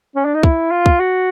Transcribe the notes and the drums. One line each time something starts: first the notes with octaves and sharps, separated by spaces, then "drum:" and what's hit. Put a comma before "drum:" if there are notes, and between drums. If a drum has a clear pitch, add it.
C#4
D4
D#4
E4, drum: kick
F4
drum: kick
F#4